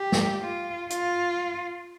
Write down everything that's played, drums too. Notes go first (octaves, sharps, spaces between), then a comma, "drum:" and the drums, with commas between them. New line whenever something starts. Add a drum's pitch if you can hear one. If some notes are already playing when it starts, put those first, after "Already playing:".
Already playing: G4
drum: snare
F4
F4, drum: hi-hat